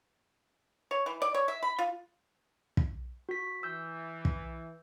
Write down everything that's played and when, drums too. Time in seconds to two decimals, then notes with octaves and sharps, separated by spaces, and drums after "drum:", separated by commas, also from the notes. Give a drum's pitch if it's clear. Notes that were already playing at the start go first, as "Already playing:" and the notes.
0.91 C#5
1.06 E3
1.22 D5
1.34 C#5
1.48 E5
1.63 B5
1.79 F4
2.77 drum: kick
3.29 F#4 B6
3.63 E3 E6 G6
4.25 drum: kick